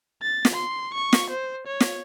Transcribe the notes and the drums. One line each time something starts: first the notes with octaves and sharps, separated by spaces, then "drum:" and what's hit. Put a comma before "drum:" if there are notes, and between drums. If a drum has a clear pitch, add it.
A6
drum: snare
C6
C#6
drum: snare
C5
C#5
drum: snare